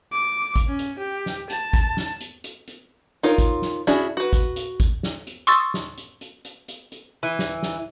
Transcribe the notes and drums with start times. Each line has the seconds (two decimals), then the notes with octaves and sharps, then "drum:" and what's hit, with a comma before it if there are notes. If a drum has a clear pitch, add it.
0.13 D6
0.56 drum: kick A1, hi-hat
0.68 C#4
0.79 drum: hi-hat
0.98 G4
1.26 drum: snare
1.50 A5, drum: hi-hat
1.73 drum: kick A1, hi-hat
1.97 drum: snare
2.21 drum: hi-hat
2.44 drum: hi-hat
2.68 drum: hi-hat
3.23 D#4 F4 A#4 C#5
3.38 drum: kick A1, hi-hat
3.62 drum: snare
3.87 C#4 D4 E4 F#4 G#4, drum: snare
4.17 F#4 B4
4.33 drum: kick A1, hi-hat
4.56 drum: hi-hat
4.80 drum: kick A1, hi-hat
5.03 drum: snare
5.27 drum: hi-hat
5.47 C6 C#6 D#6 E6 A6
5.74 drum: snare
5.98 drum: hi-hat
6.21 drum: hi-hat
6.45 drum: hi-hat
6.68 drum: hi-hat
6.92 drum: hi-hat
7.23 E3
7.39 drum: snare
7.63 drum: snare